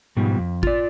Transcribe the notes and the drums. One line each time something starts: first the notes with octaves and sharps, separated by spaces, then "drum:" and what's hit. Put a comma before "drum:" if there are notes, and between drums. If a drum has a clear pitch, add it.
G#2 B2 F3 G3
F2
F4 D5, drum: kick G#1